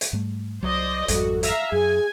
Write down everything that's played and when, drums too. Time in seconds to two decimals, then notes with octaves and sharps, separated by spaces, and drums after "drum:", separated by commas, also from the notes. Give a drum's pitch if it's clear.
0.01 drum: hi-hat
0.13 G#2 G3 A3
0.63 C2 F#3 C5 D5 D#5
1.08 G#1 F2 G3 F#4 A4, drum: hi-hat
1.43 E5 F5 A#5, drum: hi-hat
1.72 F#2 G#4 G#5